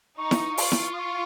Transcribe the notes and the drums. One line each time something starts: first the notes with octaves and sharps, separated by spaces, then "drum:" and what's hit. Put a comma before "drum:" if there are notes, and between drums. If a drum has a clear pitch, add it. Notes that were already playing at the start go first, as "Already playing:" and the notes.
D#4 C#6
drum: snare E4
F4, drum: open hi-hat
drum: snare E4
D#6
C#6